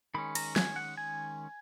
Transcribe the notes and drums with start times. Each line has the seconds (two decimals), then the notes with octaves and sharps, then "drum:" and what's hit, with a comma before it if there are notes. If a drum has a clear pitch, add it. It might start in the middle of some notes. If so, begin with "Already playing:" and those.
0.14 D#3 G#3 C#4 B5
0.35 A#5, drum: cymbal
0.56 G#5, drum: snare
0.76 F#5
0.97 G#5